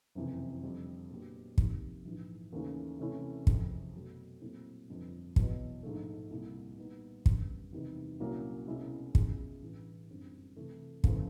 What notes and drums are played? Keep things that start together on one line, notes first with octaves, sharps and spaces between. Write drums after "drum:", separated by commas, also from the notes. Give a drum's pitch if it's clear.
F#1 F2 C3 E3
F2 D3 G3
A#2 F#3 B3 D4 G4
C3 F3 A#3 D#4 G4, drum: kick
A#1 G#2 E3
D#2 C#3 E3 A3 C#4
C3 E3 A3 C#4 E4
F2 C3 E3 G#3, drum: kick
B2 F#3 A3
A#2 F#3 A3 C4 E4
G1 F2 D3
E2 B2 F#3 B3, drum: kick
A#1 G#2 F3 A3
C2 A#2 G3
A#2 G3 B3 D#4
F#2 D3 G3 B3, drum: kick
E2 C3 D#3 G3
C2 A#2 F#3 A#3 C#4
C2 B2 G#3 C#4 E4
B2 G#3 C#4 F4 G#4, drum: kick
A1 G2 E3
G1 F#2 D3 G3 C4
C3 E3 A3
F#1 E2 C#3 F3 A3, drum: kick